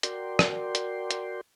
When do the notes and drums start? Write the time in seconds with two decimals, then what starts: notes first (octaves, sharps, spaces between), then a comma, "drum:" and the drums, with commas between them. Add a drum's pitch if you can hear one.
0.03 F#4 A#4 D5 G5 C6, drum: hi-hat
0.39 drum: rim click
0.75 drum: hi-hat
1.11 drum: hi-hat